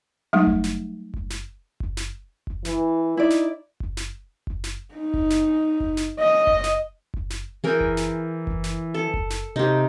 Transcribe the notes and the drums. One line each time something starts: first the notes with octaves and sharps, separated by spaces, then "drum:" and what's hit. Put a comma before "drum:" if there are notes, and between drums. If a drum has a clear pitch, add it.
F#3 G3 A3 D#4
drum: kick F#1
drum: snare
drum: kick F#1
drum: snare
drum: kick F#1
drum: snare
drum: kick F#1
E3, drum: snare
D#4 E4 D5
drum: snare
drum: kick F#1
drum: snare
drum: kick F#1
drum: snare
D#4
drum: kick F#1
drum: snare
drum: kick F#1
drum: snare
D#5
drum: kick F#1
drum: snare
drum: kick F#1
drum: snare
E3 G#4 A#4 G5
drum: kick F#1
drum: snare
drum: kick F#1
drum: snare
A4
drum: kick F#1
drum: snare
C3 D#4 G4